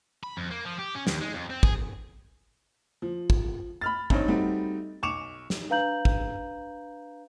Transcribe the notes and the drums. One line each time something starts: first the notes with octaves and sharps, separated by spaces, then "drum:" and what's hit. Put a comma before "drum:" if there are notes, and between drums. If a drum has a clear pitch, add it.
B5
F2
A#3
F3
G4
C#4
D#2, drum: snare
G#3
F2
C4
G#4, drum: kick
F3
drum: kick
B5 F6 A6
G2 C4 D#4 C#5, drum: kick
G3 A3 C4 D#4 F#4
B1 C#6 D6 C#7 E7 F7
drum: snare
D4 B4 F5 A#5 G6 F#7
drum: kick